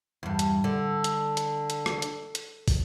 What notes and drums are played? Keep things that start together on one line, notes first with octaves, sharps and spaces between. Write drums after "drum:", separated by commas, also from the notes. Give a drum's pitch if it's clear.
E2 G2
drum: hi-hat
D3
drum: hi-hat
drum: hi-hat
drum: hi-hat
drum: rim click
drum: hi-hat
drum: hi-hat
drum: kick, open hi-hat